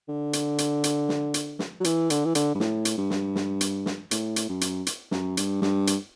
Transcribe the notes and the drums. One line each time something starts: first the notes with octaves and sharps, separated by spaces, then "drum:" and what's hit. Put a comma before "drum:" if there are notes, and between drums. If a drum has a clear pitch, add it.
D3
drum: hi-hat
drum: hi-hat
drum: hi-hat
drum: snare
drum: hi-hat
drum: snare
F#3
E3, drum: hi-hat
D3, drum: hi-hat
E3
D3, drum: hi-hat
G2
A2, drum: snare
drum: hi-hat
G2
drum: snare
drum: snare
drum: hi-hat
drum: snare
A2, drum: hi-hat
drum: hi-hat
F#2
drum: hi-hat
drum: hi-hat
F#2, drum: snare
G2, drum: hi-hat
G2, drum: snare
drum: hi-hat